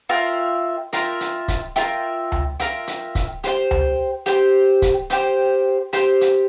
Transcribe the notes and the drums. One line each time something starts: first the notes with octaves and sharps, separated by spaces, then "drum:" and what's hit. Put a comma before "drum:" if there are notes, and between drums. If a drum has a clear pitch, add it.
F4 A#4 E5 G5
F4 A#4 E5 G5, drum: hi-hat
drum: hi-hat
drum: kick, hi-hat
F4 A#4 E5 G5, drum: hi-hat
drum: tom C#2
F4 A#4 E5 G5, drum: hi-hat
drum: hi-hat
drum: kick, hi-hat
G4 C5 G5, drum: hi-hat
drum: tom C#2
G4 C5 G5, drum: hi-hat
drum: kick, hi-hat
G4 C5 G5, drum: hi-hat
G4 C5 G5, drum: hi-hat
drum: hi-hat